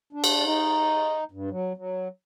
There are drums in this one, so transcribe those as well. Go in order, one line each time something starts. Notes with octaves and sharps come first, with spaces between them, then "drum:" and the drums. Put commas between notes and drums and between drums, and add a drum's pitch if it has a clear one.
D4
drum: cymbal
D#4
G2
F#3
F#3